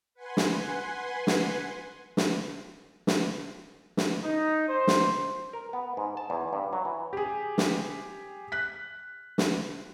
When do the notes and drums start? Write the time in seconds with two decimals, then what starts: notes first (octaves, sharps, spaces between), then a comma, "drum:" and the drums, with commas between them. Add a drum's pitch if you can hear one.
0.14 B4 F#5 G#5 C6
0.37 drum: snare
1.27 drum: snare
2.17 drum: snare
3.07 drum: snare
3.97 drum: snare
4.23 D#4
4.68 C5
4.87 drum: snare
5.53 A#4
5.73 B3
5.97 G#2
6.17 A5
6.30 E2
6.53 G2
6.73 F#3
6.85 E3
7.13 G4 G#4
7.58 drum: snare
8.52 F#6 B6
9.38 drum: snare